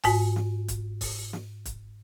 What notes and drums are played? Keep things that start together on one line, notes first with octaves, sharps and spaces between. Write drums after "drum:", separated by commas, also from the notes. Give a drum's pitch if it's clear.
G#2 F#4 G#5, drum: kick, open hi-hat
drum: snare
drum: kick, hi-hat
drum: kick, open hi-hat
drum: snare
drum: kick, hi-hat